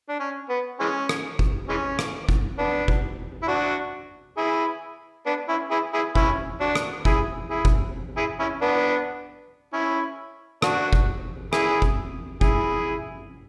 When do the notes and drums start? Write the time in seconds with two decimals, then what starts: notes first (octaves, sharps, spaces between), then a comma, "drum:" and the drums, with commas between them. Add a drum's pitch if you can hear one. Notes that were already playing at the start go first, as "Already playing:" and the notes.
0.09 D4
0.20 C#4
0.50 B3
0.80 E3 G#3 C#4
1.09 drum: rim click
1.39 drum: kick F#1
1.69 E3 G#3 C#4
1.99 drum: rim click
2.29 drum: kick F#1
2.59 B3 D4
2.88 drum: kick F#1
3.43 E4
3.48 D4 F#4
4.37 E4 G#4
5.26 B3 D4
5.49 C#4 E4
5.71 E4 G#4
5.94 E4 G#4
6.15 C#4 E4, drum: kick F#1
6.61 D4 F#4
6.75 drum: rim click
7.05 E4 G#4, drum: kick F#1
7.50 E4 G#4
7.65 drum: kick F#1
8.17 E4 G#4
8.40 C#4 E4
8.62 B3 D4
9.73 C#4 E4
10.62 D4 F#4, drum: rim click
10.93 drum: kick F#1
11.53 E4 G#4, drum: rim click
11.82 drum: kick F#1
12.41 E4 G#4, drum: kick F#1